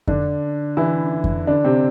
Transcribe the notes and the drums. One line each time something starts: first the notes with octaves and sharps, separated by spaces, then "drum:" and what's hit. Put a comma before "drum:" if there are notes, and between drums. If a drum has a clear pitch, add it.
D3 D4, drum: kick F2
E3 E4
drum: kick F2
D3 D4
C3 C4